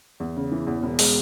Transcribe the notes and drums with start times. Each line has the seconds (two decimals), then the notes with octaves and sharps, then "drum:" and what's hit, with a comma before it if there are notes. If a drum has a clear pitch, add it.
0.20 E2
0.36 C#3
0.52 E3
0.67 E2
0.83 E1
0.99 G#3, drum: open hi-hat